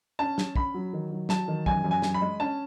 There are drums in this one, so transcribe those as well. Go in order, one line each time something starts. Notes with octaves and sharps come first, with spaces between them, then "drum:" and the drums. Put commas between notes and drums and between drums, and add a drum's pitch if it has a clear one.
C#4 A5
C#4, drum: snare
C#4 B5, drum: kick
F#3
D#3
F#3
F#3 A5, drum: snare
D#3
F#2 G#5, drum: kick
F#2
G#5
F#2, drum: snare
B5
G#3
C#4 A5